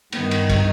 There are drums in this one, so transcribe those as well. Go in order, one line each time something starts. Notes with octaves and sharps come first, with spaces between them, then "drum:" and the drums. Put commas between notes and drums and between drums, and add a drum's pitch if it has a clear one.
G2 D#3 B3, drum: cymbal
drum: cymbal
drum: kick, cymbal